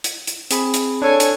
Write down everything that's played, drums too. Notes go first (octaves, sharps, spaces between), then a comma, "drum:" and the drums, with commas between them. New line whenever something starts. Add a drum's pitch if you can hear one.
drum: hi-hat
drum: hi-hat
C4 G#4 B5, drum: hi-hat
drum: hi-hat
D4 A4 C#5 G#5
drum: hi-hat